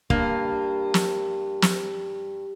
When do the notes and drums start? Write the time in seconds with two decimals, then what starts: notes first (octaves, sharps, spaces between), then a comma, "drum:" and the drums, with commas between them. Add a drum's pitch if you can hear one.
0.10 G2 A#3, drum: kick
0.94 drum: snare
1.62 drum: snare